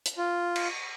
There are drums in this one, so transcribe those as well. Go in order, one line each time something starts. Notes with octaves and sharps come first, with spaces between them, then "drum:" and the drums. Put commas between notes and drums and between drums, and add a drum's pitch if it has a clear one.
drum: hi-hat
F4
drum: cymbal